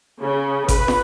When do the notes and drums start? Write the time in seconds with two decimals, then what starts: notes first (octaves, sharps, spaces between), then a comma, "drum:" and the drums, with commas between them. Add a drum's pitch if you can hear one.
0.21 C#3
0.68 B4, drum: kick G#1, hi-hat
0.88 drum: snare